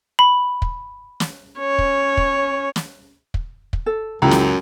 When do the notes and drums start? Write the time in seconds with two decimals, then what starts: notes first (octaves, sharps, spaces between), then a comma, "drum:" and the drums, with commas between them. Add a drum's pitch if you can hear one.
0.19 B5
0.62 drum: kick
1.20 drum: snare
1.59 C#4 C#5
1.78 drum: kick
2.17 drum: kick
2.76 drum: snare
3.34 drum: kick
3.73 drum: kick
3.86 A4
4.22 C#2 F#2 E4 G#4 A#5
4.31 drum: snare